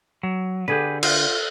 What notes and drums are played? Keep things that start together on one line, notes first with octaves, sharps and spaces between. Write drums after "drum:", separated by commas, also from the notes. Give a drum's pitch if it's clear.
F#3
D3 G4 G#4 B4
F4, drum: cymbal